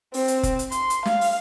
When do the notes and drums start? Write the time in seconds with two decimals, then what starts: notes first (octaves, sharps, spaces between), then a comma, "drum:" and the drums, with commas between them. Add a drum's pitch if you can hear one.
0.14 C4, drum: open hi-hat
0.28 drum: hi-hat
0.43 drum: kick F1, hi-hat
0.59 drum: hi-hat
0.72 C6, drum: hi-hat
0.90 drum: hi-hat
1.05 F5, drum: snare
1.21 drum: open hi-hat